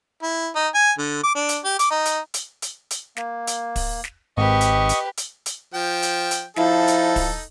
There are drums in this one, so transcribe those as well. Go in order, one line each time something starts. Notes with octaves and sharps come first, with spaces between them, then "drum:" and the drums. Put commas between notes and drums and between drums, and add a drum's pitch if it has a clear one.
E4
D#4
G#5
D3
D6
D4
drum: hi-hat
G4
D6, drum: hi-hat
D#4
drum: hi-hat
drum: hi-hat
drum: hi-hat
drum: hi-hat
A#3, drum: snare
drum: hi-hat
drum: kick, open hi-hat
drum: snare
G#1 G4 B4 D#5 C#6
drum: hi-hat
drum: hi-hat
drum: hi-hat
drum: hi-hat
F3 G5
drum: hi-hat
drum: hi-hat
F3 D#4 E4 A4, drum: snare
drum: hi-hat
drum: kick, open hi-hat